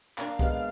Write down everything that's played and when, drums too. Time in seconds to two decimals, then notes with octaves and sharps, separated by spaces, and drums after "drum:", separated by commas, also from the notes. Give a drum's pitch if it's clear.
0.18 A#3 D4 F5, drum: clap
0.39 G#3 B3, drum: kick